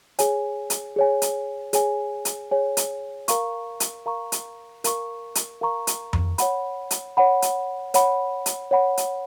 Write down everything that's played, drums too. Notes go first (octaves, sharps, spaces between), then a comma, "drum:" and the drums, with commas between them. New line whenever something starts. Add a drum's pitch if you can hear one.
G#4 C#5 G#5, drum: hi-hat
drum: hi-hat
G#4 C#5 G#5
drum: hi-hat
G#4 C#5 G#5, drum: hi-hat
drum: hi-hat
G#4 C#5 G#5
drum: hi-hat
A#4 F5 A#5 C#6, drum: hi-hat
drum: hi-hat
A#4 F5 A#5 C#6
drum: hi-hat
A#4 F5 A#5 C#6, drum: hi-hat
drum: hi-hat
A#4 F5 A#5 C#6
drum: hi-hat
drum: tom F2
C#5 F#5 B5, drum: hi-hat
drum: hi-hat
C#5 F#5 B5
drum: hi-hat
C#5 F#5 B5, drum: hi-hat
drum: hi-hat
C#5 F#5 B5
drum: hi-hat